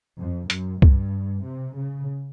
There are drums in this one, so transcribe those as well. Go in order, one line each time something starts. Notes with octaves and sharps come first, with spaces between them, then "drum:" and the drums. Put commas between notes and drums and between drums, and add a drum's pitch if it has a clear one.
F2
F#2, drum: hi-hat
G2, drum: kick
C3
C#3